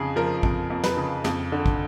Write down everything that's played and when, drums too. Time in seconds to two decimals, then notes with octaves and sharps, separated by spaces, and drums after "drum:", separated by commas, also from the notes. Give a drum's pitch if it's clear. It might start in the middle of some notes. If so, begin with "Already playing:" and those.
Already playing: F2 C#3 G#4
0.16 F3 A#4
0.43 F2, drum: kick
0.70 F2
0.84 B4, drum: snare
0.97 C#3
1.24 F2, drum: snare
1.52 D3
1.66 drum: kick